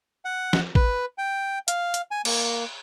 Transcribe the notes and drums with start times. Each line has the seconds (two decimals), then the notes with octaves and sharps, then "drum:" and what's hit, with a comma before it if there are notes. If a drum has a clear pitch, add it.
0.25 F#5
0.53 drum: snare
0.75 B4, drum: kick
1.18 G5
1.68 F5, drum: hi-hat
1.94 drum: hi-hat
2.11 G#5
2.25 A#3, drum: cymbal